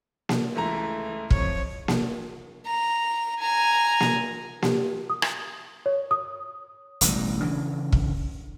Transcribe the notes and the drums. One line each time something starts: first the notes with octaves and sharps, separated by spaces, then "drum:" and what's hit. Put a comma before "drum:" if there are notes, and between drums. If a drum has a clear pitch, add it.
drum: snare A#3
C#2 E3 A3 A#5
F2 C#5, drum: kick
drum: snare A#3
A#5
G#5 A#5
drum: snare A#3
G4, drum: snare A#3
D#6
drum: rim click
C#5
D#6
E1 A1 G3, drum: hi-hat
C#3 E3 D4
drum: kick